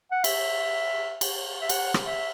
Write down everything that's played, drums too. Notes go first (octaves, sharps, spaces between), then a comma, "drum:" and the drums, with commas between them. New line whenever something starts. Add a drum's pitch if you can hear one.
F#5
E5, drum: cymbal
drum: cymbal
E5
F#5, drum: cymbal
drum: rim click
E5